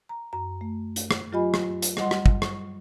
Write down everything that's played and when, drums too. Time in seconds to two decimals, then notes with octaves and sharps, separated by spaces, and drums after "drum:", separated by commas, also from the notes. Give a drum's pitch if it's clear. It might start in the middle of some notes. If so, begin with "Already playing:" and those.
0.09 A#5
0.33 F#2 A#5
0.61 A3
0.96 drum: hi-hat
1.11 drum: rim click
1.32 F#3 F4 G4 D#5 G#5 B5
1.54 drum: rim click
1.82 drum: hi-hat
1.97 G3 D#5 F#5 C6, drum: rim click
2.11 drum: rim click
2.26 drum: kick
2.42 C#6, drum: rim click